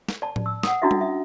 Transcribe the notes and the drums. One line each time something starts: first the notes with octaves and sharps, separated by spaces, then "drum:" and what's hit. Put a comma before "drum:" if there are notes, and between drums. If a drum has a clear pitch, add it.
drum: snare
D5 A5
drum: tom A2
E6
F#5 D#6, drum: snare
C#4 D4 E4 F#4 D#5 E5
drum: tom G3
E5